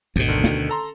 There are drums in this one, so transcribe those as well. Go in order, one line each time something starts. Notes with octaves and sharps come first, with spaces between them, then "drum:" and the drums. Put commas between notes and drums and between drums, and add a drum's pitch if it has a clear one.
G#1 D2 B2
D3 D#3
C#4, drum: snare
A4 A#5 C6